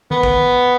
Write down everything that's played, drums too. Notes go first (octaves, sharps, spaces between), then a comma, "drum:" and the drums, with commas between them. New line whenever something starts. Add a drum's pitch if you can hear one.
D#3 B3
drum: kick